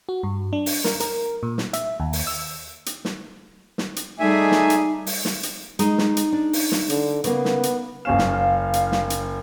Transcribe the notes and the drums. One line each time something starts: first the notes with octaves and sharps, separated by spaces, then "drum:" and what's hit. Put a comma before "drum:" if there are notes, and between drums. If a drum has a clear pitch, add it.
F#4
G2
D4
drum: open hi-hat
A#4, drum: snare
A#4, drum: hi-hat
A#2
drum: snare
E5, drum: hi-hat
D#2
drum: open hi-hat
E6
drum: hi-hat
drum: snare
drum: snare
drum: hi-hat
G3 A3 D#4 G#4 E5 G#5
drum: snare
drum: hi-hat
drum: open hi-hat
drum: snare
drum: hi-hat
G#3 D#4, drum: hi-hat
drum: snare
drum: hi-hat
D4
drum: open hi-hat
drum: snare
D3, drum: hi-hat
C#3 A#3 B3, drum: hi-hat
drum: snare
drum: hi-hat
F#1 C#4 F5 E7
drum: snare
drum: hi-hat
drum: snare
drum: hi-hat